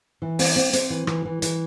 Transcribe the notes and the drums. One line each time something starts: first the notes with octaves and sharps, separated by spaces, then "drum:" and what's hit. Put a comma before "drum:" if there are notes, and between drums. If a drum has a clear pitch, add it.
E3
C4, drum: open hi-hat
C4
C4, drum: hi-hat
E3
E3, drum: rim click
E3
E3, drum: hi-hat